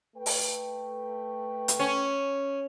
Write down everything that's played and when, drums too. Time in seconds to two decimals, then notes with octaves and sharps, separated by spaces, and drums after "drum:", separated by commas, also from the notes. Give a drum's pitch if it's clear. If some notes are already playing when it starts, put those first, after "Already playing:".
0.17 A3 B4 G5
0.26 drum: open hi-hat
1.68 drum: hi-hat
1.79 C#4